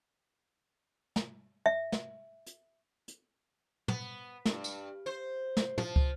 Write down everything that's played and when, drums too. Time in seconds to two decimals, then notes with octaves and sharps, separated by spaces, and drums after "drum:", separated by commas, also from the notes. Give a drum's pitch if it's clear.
1.16 drum: snare
1.66 E5
1.92 drum: snare
2.46 drum: hi-hat
3.08 drum: hi-hat
3.88 B3, drum: tom
4.45 G2, drum: snare
4.64 drum: tambourine
5.06 C5
5.57 drum: snare
5.78 F3, drum: tom
5.96 drum: kick